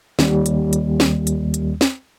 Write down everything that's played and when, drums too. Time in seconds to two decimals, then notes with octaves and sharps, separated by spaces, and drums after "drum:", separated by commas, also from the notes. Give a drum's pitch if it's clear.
0.19 D#2 G3, drum: snare
0.46 drum: hi-hat
0.73 drum: hi-hat
1.00 drum: snare
1.27 drum: hi-hat
1.54 drum: hi-hat
1.81 drum: snare